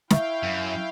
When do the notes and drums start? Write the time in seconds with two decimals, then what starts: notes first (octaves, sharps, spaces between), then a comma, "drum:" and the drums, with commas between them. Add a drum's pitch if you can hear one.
0.10 E4 E5 F5 G5 C#6, drum: snare
0.43 F#2